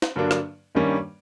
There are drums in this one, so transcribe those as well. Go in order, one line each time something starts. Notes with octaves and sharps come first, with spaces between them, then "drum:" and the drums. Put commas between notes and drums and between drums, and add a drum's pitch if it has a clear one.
drum: snare
G2 D3 F#3 A#3 D4
drum: rim click
G2 D#3 G3 A#3 C#4